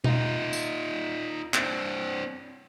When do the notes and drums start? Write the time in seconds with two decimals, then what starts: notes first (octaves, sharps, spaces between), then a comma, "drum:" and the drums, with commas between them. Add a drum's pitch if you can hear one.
0.04 D#4 F4, drum: tom B2
0.53 drum: tambourine
1.54 C4 D4, drum: clap